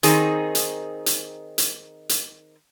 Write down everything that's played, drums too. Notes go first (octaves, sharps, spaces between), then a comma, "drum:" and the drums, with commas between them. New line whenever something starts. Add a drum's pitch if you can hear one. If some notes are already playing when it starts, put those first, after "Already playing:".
D#3 C4 D#4 G#4, drum: hi-hat
drum: hi-hat
drum: hi-hat
drum: hi-hat
drum: hi-hat